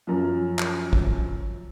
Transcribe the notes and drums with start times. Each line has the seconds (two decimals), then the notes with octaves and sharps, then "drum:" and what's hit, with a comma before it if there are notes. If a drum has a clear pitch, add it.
0.07 F#2 F3
0.59 drum: clap
0.93 drum: kick